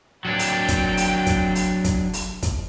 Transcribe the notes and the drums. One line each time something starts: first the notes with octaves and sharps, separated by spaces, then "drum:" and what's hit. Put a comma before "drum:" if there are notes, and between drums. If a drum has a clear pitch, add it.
F#3 D4 G5
drum: open hi-hat
drum: kick, hi-hat
drum: open hi-hat
drum: kick, hi-hat
drum: open hi-hat
drum: kick, hi-hat
drum: open hi-hat
drum: kick, hi-hat